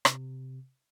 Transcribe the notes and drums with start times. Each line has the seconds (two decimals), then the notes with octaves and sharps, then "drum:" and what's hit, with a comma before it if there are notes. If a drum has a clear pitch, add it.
0.05 C3, drum: rim click